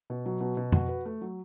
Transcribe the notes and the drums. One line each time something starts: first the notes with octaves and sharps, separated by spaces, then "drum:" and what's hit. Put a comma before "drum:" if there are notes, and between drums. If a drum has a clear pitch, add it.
B2
F#3
B2
B2
F#4, drum: tom F2
B4
A3
F#3